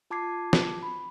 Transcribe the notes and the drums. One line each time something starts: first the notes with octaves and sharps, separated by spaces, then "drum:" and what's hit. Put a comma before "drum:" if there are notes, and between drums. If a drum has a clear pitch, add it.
F4 A5 D6 G#6 C7
drum: snare
B5